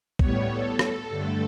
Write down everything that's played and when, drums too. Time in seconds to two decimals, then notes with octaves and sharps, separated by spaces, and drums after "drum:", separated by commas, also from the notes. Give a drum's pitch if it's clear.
0.19 A2 G3 B3 C#5, drum: kick A#1
0.49 A4
0.79 A4, drum: rim click
1.09 G2 D3 A3